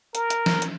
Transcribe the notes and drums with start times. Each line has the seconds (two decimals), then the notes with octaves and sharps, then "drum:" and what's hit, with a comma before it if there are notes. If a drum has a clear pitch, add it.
0.15 A#4, drum: hi-hat
0.30 drum: hi-hat
0.46 drum: snare
0.62 drum: hi-hat